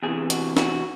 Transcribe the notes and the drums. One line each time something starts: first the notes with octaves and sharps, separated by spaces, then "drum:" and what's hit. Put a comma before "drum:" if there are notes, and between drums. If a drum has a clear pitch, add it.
E2 C3 E3 G#4
F#4, drum: hi-hat
F#4, drum: snare